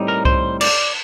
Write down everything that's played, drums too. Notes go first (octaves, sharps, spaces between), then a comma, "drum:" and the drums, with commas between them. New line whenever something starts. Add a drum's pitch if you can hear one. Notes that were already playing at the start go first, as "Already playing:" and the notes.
Already playing: A2 G3 C4 D#4
A#4
C5, drum: kick C2
D5, drum: cymbal